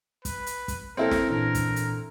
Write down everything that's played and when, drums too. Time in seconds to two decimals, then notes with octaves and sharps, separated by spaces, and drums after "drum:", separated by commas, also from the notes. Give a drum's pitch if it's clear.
0.25 B4, drum: kick, hi-hat
0.47 drum: hi-hat
0.68 drum: kick, hi-hat
0.97 C4 E4 A4 A#4
1.11 drum: snare
1.29 A#2 E3 D4 A#4
1.55 drum: kick, hi-hat
1.76 drum: hi-hat